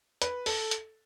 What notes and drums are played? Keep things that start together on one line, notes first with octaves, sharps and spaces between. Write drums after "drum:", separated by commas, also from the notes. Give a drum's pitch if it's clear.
B4, drum: hi-hat
A4, drum: open hi-hat
drum: hi-hat